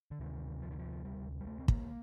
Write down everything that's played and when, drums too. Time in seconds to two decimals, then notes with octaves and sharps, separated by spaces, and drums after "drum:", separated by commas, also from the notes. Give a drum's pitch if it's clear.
0.11 D3
0.20 D2 C3 D#3
0.62 F3
0.71 D#3
0.79 F3
1.04 G3
1.41 G3
1.47 A3
1.60 C4
1.68 A#3, drum: kick